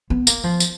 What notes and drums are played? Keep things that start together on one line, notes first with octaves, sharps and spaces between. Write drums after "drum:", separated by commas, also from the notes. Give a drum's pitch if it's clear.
B3
A#3, drum: tambourine
F3
drum: tambourine